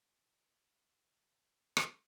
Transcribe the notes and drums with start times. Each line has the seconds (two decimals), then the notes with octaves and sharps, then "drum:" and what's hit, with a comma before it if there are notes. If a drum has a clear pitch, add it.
0.05 G1 G4 A6
1.77 drum: rim click